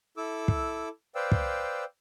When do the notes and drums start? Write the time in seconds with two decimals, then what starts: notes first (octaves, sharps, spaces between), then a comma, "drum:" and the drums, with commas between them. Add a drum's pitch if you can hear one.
0.17 E4 A4 D6 E6
0.48 drum: kick
1.15 B4 C5 D5 F5 G5 E6
1.32 drum: kick